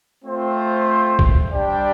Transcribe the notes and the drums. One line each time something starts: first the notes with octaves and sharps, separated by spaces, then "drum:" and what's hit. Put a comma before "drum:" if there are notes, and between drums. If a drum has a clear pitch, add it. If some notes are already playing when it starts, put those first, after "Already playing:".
A3 C4 F4 C5 G5
drum: kick
G3 D4 G4 D5 G5